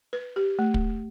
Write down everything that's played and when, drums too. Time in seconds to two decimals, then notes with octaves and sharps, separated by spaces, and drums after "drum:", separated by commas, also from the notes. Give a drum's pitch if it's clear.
0.13 B4
0.36 G4
0.59 A3
0.74 drum: kick